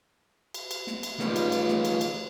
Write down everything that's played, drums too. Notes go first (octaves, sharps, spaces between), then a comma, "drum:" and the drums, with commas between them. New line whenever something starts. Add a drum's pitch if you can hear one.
drum: cymbal
drum: cymbal
drum: snare
drum: cymbal
C#2 D#3 G3 A3 A#3 F4 B4, drum: snare
drum: cymbal
drum: cymbal
drum: snare
drum: cymbal
drum: cymbal